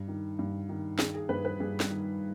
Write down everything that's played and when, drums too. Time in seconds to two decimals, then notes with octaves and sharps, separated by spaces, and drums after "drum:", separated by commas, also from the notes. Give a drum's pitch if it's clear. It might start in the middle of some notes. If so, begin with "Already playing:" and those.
Already playing: G2
0.08 D#3
0.39 G2
0.69 D#3
0.99 D#3 G#4, drum: snare
1.14 G#4
1.29 G2 B4
1.45 B4
1.60 G2 G#4
1.80 drum: snare
1.90 D#3